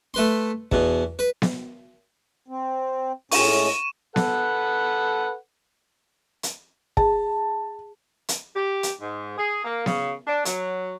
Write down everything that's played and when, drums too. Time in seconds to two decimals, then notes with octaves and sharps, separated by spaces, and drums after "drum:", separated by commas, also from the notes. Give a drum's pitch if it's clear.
0.14 A3 B4 C6
0.72 E2 B2, drum: kick
1.19 B4
1.42 drum: snare B3
2.48 C4
3.31 A2 G#3 C#4 C#6 D#7 E7, drum: open hi-hat
4.16 A4 B4 F#5, drum: snare B3
6.43 drum: hi-hat
6.97 G#4 A5, drum: kick
8.29 drum: hi-hat
8.55 G4
8.83 drum: hi-hat
9.01 G#2
9.38 G#4
9.64 A#3
9.86 C#3, drum: snare B3
10.26 D4
10.45 F#3, drum: hi-hat